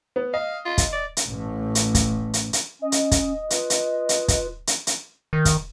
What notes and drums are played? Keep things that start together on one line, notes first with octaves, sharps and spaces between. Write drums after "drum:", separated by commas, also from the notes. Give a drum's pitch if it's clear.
B3
D#5 F5
F4
drum: kick, hi-hat
D5
drum: hi-hat
A1 A2
drum: hi-hat
drum: kick, hi-hat
drum: hi-hat
drum: hi-hat
C#4 D#5
drum: hi-hat
drum: kick, hi-hat
F4 B4, drum: hi-hat
drum: hi-hat
drum: hi-hat
drum: kick, hi-hat
drum: hi-hat
drum: hi-hat
D#3
drum: kick, hi-hat